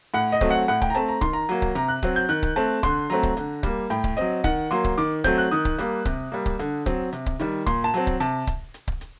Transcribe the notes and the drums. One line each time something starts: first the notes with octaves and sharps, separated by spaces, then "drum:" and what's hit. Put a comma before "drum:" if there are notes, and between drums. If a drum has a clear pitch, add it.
A2 F#5, drum: hi-hat
D#5
F#3 A3 C4, drum: kick C#1, hi-hat
F#5
A2 F#5, drum: hi-hat
G5, drum: kick C#1
A#5
A3 C4 A5, drum: hi-hat
A#5
D#3 C6, drum: kick C#1, hi-hat
A#5
F#3 A#3, drum: hi-hat
drum: kick C#1
C3 A#5, drum: hi-hat
F#6
F#3 C4, drum: kick C#1, hi-hat
G6
D#3 F#6, drum: hi-hat
drum: kick C#1
A3 C4 A5
D3 C6, drum: kick C#1, hi-hat
F#3 A3 C4 A#5, drum: hi-hat
drum: kick C#1
D3, drum: hi-hat
G3 A#3, drum: kick C#1, hi-hat
A2 G5, drum: hi-hat
drum: kick C#1
F#3 C4 D#5, drum: hi-hat
D#3 F#5, drum: kick C#1, hi-hat
F#3 A#3 C6, drum: hi-hat
drum: kick C#1
D#3 D6, drum: hi-hat
F#3 A3 C4 G6, drum: kick C#1, hi-hat
F#6
D#3 D#6, drum: hi-hat
drum: kick C#1
G3 A#3, drum: hi-hat
C3, drum: kick C#1, hi-hat
G3 A#3
drum: kick C#1
D3, drum: hi-hat
F#3 C4, drum: kick C#1, hi-hat
C3, drum: hi-hat
drum: kick C#1
D#3 G3, drum: hi-hat
A#2 C6, drum: kick C#1, hi-hat
A5
F#3 C4, drum: hi-hat
drum: kick C#1
C3 A5, drum: hi-hat
drum: kick C#1, hi-hat
drum: hi-hat
drum: kick C#1
drum: hi-hat